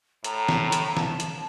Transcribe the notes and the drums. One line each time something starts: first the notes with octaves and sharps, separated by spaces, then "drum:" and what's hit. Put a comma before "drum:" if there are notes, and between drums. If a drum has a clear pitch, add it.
A2 A#5, drum: hi-hat
drum: snare
drum: hi-hat
A5, drum: snare
drum: hi-hat